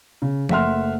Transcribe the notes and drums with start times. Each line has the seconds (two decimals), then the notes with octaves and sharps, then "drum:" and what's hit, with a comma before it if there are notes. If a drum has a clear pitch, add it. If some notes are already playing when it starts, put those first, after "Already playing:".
0.22 C#3
0.49 F#1 A3 E5 F#5 C6 F6, drum: tom F3